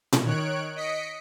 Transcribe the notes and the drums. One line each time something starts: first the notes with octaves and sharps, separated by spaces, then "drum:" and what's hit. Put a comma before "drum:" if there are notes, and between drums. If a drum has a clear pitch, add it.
drum: tom A#2
D#3 C#5 F#6 D7
D#5 B6 C#7 D7